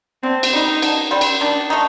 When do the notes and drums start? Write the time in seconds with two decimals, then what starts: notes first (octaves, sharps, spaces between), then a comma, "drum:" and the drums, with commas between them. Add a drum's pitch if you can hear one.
0.23 D3 C4
0.43 drum: cymbal
0.53 G3 C4 D#4
0.82 D3, drum: cymbal
1.11 G3 C4
1.21 drum: cymbal
1.41 D#3 D4
1.70 A3 D#4